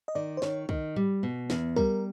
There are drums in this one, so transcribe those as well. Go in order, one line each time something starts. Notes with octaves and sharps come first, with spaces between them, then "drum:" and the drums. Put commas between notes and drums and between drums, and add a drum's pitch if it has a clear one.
D#5
D#3 D5
C5
D#3 C#5, drum: snare
D#3, drum: kick
G3, drum: tom G#2
B2
E2, drum: snare
G3 A#4, drum: kick